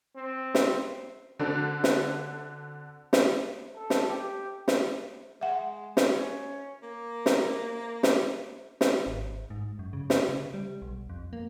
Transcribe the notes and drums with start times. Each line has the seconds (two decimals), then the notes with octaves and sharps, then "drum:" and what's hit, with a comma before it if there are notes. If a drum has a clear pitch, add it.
0.16 C4
0.55 drum: snare
1.39 D3 C4 D4 F#4 A4
1.84 drum: snare
3.13 drum: snare
3.76 A4
3.90 drum: snare
4.09 G4
4.68 drum: snare
5.41 G#3 E5 F#5
5.97 drum: snare
6.11 C#4
6.83 A#3
7.26 drum: snare
8.03 drum: snare
8.81 drum: snare
9.07 G#1
9.50 G#2
9.79 F#2
9.93 C#3
10.10 drum: snare
10.29 C#3
10.54 G3
10.82 B1
11.09 F2
11.33 A#3